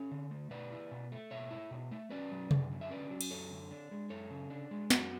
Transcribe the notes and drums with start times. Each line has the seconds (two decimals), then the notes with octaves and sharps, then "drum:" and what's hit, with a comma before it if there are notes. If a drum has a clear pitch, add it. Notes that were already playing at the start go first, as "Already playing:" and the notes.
Already playing: C#4 A4 C#5
0.11 D3
0.31 A3
0.51 B2 B4 D5
0.72 E4
0.91 B2
1.12 A3
1.31 B2 C#5 E5
1.51 E4
1.71 B2
1.91 A3
2.10 C#4 B4 D5
2.32 F#3
2.51 F#2, drum: tom C3
2.72 D3
2.81 E5
2.90 C#4 B4 D5
3.10 F#3
3.21 drum: cymbal
3.30 F#2 A4 C#5
3.51 D3
3.71 D4
3.91 G#3
4.10 F#2 A4 C#5
4.30 C#3
4.50 D4
4.71 G#3
4.90 F#2 F#4, drum: snare